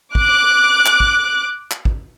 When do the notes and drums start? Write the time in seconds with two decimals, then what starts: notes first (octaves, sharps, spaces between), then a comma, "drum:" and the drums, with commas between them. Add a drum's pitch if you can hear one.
0.15 D6 F#6, drum: kick
0.86 drum: clap
1.00 drum: kick
1.71 drum: clap
1.85 drum: kick